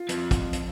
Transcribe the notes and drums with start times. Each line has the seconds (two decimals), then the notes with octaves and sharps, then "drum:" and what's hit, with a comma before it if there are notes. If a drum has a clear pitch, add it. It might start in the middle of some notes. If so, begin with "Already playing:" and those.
Already playing: F4
0.09 F2, drum: hi-hat
0.31 drum: kick, hi-hat
0.53 drum: hi-hat